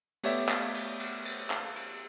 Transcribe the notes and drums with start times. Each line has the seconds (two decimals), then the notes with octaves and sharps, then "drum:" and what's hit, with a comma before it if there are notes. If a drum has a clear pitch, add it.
0.23 A3 B3 G4 C#5 D5 E5, drum: cymbal
0.49 drum: clap
0.74 drum: cymbal
1.00 drum: cymbal
1.25 drum: cymbal
1.50 drum: clap
1.76 drum: cymbal